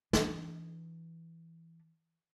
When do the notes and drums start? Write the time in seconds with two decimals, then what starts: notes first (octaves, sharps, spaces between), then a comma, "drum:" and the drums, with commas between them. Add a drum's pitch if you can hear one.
0.13 E3 D4, drum: snare